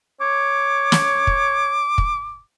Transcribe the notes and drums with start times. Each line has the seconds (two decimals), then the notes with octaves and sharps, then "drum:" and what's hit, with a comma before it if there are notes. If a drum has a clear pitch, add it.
0.21 C#5 D6
0.92 drum: snare
1.27 drum: kick
1.98 drum: kick